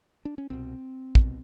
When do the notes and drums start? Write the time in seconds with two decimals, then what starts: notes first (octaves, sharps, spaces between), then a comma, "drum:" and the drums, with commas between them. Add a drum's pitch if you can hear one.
0.25 D4
0.38 C#4
0.50 C2 B2 C4
1.15 C2 B2, drum: kick